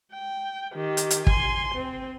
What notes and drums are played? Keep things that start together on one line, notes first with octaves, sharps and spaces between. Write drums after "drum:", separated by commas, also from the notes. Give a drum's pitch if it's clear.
G5
D#3 G4
drum: hi-hat
drum: hi-hat
G#5 C6, drum: kick
C4